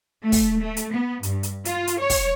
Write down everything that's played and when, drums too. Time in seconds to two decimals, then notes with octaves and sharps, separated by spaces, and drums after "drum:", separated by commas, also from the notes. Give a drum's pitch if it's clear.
0.23 A3
0.32 drum: kick, open hi-hat
0.60 A3
0.77 drum: hi-hat
0.94 B3
1.23 G2, drum: hi-hat
1.43 drum: hi-hat
1.65 F4, drum: hi-hat
1.87 drum: hi-hat
2.00 C#5
2.10 drum: kick, open hi-hat